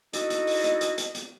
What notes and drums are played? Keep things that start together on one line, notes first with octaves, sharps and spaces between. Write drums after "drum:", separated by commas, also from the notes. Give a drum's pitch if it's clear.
D#4 E4 F#4 A4 D#5, drum: hi-hat
drum: hi-hat
drum: open hi-hat
drum: hi-hat
drum: hi-hat
drum: hi-hat
drum: hi-hat